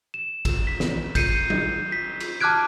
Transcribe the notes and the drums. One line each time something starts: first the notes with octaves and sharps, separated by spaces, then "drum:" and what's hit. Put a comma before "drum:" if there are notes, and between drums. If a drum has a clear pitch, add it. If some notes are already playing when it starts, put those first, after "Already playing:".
E7
drum: kick, cymbal
B6
drum: snare
G6 C7 C#7 D#7, drum: kick, cymbal
drum: tom F#3
B6
drum: cymbal
A5 D6 F6 F#6 G#6 D7